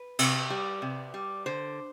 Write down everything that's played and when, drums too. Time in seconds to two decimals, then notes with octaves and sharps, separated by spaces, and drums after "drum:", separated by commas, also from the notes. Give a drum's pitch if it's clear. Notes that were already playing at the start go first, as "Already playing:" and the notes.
Already playing: B4
0.19 C3, drum: cymbal
0.50 G3
0.82 C3
1.14 G3
1.46 D3 C5